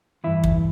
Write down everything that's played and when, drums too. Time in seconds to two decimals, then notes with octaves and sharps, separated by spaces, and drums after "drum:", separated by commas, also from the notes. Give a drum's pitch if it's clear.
0.24 G2 E3 E4
0.44 drum: kick